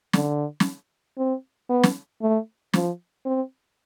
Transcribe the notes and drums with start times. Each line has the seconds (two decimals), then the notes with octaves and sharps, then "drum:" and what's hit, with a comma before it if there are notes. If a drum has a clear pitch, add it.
0.13 D3, drum: snare
0.60 drum: snare
1.17 C4
1.69 B3
1.83 drum: snare
2.21 A3
2.73 F3, drum: snare
3.25 C4